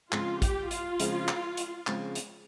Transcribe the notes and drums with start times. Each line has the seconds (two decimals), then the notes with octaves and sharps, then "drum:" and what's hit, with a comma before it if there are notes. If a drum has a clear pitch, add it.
0.12 C#3 F3 G#3 C4 F4, drum: clap
0.42 G4, drum: kick A#1, hi-hat
0.71 F4, drum: hi-hat
1.00 C#3 F3 G#3 C4, drum: hi-hat
1.28 drum: clap
1.57 drum: hi-hat
1.87 C#3 F3 G#3 C4, drum: clap
2.15 drum: hi-hat